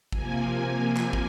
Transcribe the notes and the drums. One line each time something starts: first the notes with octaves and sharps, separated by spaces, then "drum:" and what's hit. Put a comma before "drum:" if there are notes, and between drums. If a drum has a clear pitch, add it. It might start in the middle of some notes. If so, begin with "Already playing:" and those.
C3 F3 A#3 G#5, drum: kick
drum: clap
drum: kick